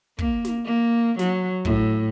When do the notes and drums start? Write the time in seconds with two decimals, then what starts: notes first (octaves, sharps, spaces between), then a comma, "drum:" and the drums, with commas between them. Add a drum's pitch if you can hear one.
0.19 A#3, drum: kick
0.45 drum: snare
0.65 A#3
1.19 F#3, drum: snare
1.65 A2, drum: kick